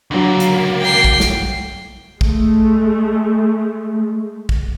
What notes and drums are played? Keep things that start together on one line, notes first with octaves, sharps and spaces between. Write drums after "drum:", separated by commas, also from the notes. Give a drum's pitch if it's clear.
C#2 D3 F#3 A#3
drum: hi-hat
G5 C7
drum: kick A#1
drum: snare
G#3 A3, drum: kick A#1
drum: kick A#1